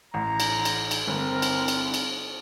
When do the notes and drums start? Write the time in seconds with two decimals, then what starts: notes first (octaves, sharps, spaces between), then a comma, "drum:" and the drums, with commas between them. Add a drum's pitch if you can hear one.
0.14 A1 A#5
0.40 drum: cymbal
0.65 drum: cymbal
0.91 drum: cymbal
1.07 G1 C4 A#4
1.42 drum: cymbal
1.68 drum: cymbal
1.94 drum: cymbal